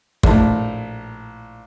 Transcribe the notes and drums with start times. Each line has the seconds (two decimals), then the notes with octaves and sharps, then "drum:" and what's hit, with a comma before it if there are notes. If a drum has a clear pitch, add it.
0.23 A#1 A2, drum: kick